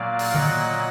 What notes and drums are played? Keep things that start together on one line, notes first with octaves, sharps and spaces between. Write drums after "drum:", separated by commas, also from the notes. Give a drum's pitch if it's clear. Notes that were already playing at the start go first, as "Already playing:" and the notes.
Already playing: A#2 F#3 A#3 D5 F5
drum: open hi-hat
D#5 F#5, drum: tom D3